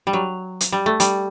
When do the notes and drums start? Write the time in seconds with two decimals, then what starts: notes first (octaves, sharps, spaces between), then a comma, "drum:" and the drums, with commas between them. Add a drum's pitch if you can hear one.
0.07 G3
0.13 F#3
0.61 drum: hi-hat
0.72 G3
0.86 A3
1.00 G3, drum: hi-hat